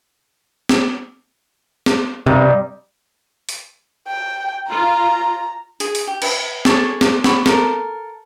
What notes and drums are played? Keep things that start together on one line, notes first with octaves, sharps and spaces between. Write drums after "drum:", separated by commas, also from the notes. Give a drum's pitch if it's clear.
drum: snare
drum: snare
G2 C3 D#4
drum: open hi-hat
G5
F4 A#5
G#4, drum: open hi-hat
drum: open hi-hat
G4
B4 E5, drum: cymbal
G#4 A4 A5 C#6, drum: snare
drum: snare
F#5 B5 C#6, drum: snare
A4 A#4, drum: snare